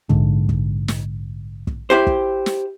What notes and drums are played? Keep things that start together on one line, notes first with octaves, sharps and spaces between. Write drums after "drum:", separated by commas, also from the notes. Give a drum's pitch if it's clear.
A#1 G#2 D3, drum: kick
drum: kick
drum: snare
drum: kick
E4 G4 C5
drum: kick
drum: snare